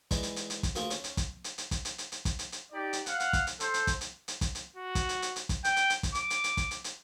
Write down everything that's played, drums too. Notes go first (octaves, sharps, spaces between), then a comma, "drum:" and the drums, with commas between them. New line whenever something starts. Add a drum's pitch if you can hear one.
E3 G#3 D5, drum: kick, hi-hat
drum: hi-hat
drum: hi-hat
drum: hi-hat
drum: kick, hi-hat
D2 A#3 F4 G#4, drum: hi-hat
C#4, drum: hi-hat
drum: hi-hat
drum: kick, hi-hat
drum: hi-hat
drum: hi-hat
drum: kick, hi-hat
drum: hi-hat
drum: hi-hat
drum: hi-hat
drum: kick, hi-hat
drum: hi-hat
drum: hi-hat
D#4 G4 D5
drum: hi-hat
F5 F#5, drum: hi-hat
drum: hi-hat
drum: kick, hi-hat
drum: hi-hat
A4 C5, drum: hi-hat
drum: hi-hat
drum: kick, hi-hat
drum: hi-hat
drum: hi-hat
drum: kick, hi-hat
drum: hi-hat
F#4
drum: kick, hi-hat
drum: hi-hat
drum: hi-hat
drum: hi-hat
drum: kick, hi-hat
G5, drum: hi-hat
drum: hi-hat
drum: hi-hat
drum: kick, hi-hat
D6, drum: hi-hat
drum: hi-hat
drum: hi-hat
drum: kick, hi-hat
drum: hi-hat
drum: hi-hat